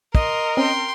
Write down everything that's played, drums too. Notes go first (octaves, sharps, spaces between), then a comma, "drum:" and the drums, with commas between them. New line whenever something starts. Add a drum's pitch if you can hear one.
A#4 D#5 C6, drum: kick
C4 C#4 G5 C6